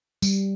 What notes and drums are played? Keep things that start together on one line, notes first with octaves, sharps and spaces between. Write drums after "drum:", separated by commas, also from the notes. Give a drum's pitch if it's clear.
G3, drum: tambourine